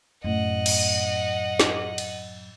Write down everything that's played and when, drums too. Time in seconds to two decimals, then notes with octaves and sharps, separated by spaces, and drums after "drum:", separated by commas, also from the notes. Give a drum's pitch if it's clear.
0.24 F#2 A2 D#5 F#5
0.66 drum: cymbal
1.60 drum: snare
1.98 drum: cymbal